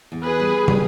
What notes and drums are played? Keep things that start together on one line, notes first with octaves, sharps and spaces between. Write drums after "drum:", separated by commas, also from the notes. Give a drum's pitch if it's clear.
E2
G#4 B4
G3
G3, drum: tom